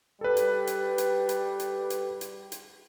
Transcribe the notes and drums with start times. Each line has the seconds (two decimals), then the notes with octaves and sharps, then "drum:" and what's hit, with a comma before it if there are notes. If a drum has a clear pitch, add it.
0.21 G3 A4 B4
0.37 drum: hi-hat
0.67 drum: hi-hat
0.98 drum: hi-hat
1.29 drum: hi-hat
1.60 drum: hi-hat
1.90 drum: hi-hat
2.21 drum: hi-hat
2.52 drum: hi-hat